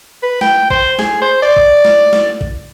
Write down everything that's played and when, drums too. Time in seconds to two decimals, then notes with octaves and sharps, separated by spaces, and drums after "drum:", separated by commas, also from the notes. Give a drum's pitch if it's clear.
0.23 B4
0.41 G5, drum: snare
0.70 C5, drum: kick
0.99 G#4, drum: snare
1.22 C5
1.43 D5
1.57 drum: kick
1.85 drum: snare
2.13 drum: snare
2.41 drum: kick